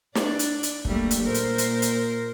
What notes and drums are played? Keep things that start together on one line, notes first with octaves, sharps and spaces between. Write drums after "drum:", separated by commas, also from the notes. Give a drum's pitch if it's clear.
D4 D5, drum: snare
drum: hi-hat
drum: hi-hat
G3 A3 A#3, drum: kick
drum: hi-hat
A#2 A#4 C5
drum: hi-hat
drum: hi-hat
drum: hi-hat